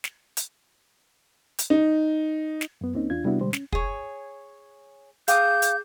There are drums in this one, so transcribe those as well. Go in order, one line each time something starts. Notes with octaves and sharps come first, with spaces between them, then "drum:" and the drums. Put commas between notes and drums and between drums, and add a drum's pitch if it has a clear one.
drum: snare
drum: hi-hat
drum: hi-hat
D#4
drum: snare
F#2 B3
C#2 A#3 C4 C#4 D#4
E2 D4 F4 G#6
C3 G3 B3 D4 E4 F#4
B2 D3 G3 G#3 C5
C#4, drum: snare
G#4 C#5, drum: kick
G#4 F5 G5 D6 D#6 G6, drum: hi-hat
drum: hi-hat